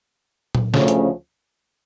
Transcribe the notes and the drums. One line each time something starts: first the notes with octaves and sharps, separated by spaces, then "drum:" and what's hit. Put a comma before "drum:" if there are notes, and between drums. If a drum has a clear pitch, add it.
drum: tom A#2
D2 C#3 F3 A3 C#4, drum: snare
drum: hi-hat